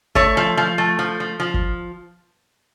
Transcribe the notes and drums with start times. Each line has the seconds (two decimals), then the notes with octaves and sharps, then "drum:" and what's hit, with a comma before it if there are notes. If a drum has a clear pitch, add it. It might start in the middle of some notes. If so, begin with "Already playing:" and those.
0.15 A3 C#5, drum: kick G1
0.37 F3
0.57 F3
0.78 A3
0.99 F3
1.20 F3
1.40 F3
1.54 drum: kick G1